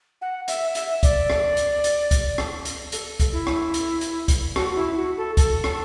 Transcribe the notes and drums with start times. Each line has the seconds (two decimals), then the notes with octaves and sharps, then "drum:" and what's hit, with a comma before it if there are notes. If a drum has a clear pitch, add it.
0.22 F#5
0.48 E5, drum: hi-hat
0.75 E5, drum: hi-hat
1.03 D5, drum: kick C#2, hi-hat
1.30 drum: rim click
1.57 drum: hi-hat
1.84 drum: hi-hat
2.11 drum: kick C#2, hi-hat
2.38 drum: rim click
2.65 drum: hi-hat
2.92 A4, drum: hi-hat
3.20 drum: kick C#2, hi-hat
3.33 E4
3.47 drum: rim click
3.74 drum: hi-hat
4.01 drum: hi-hat
4.28 drum: kick C#2, hi-hat
4.56 F#4, drum: rim click
4.76 E4
4.96 F#4
5.17 A4
5.37 A4, drum: kick C#2, hi-hat
5.64 drum: rim click